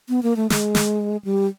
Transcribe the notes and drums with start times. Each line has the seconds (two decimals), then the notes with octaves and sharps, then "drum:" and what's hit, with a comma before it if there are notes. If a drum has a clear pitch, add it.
0.09 B3
0.23 A#3
0.36 A3
0.50 G#3, drum: snare
0.75 drum: snare
1.25 G3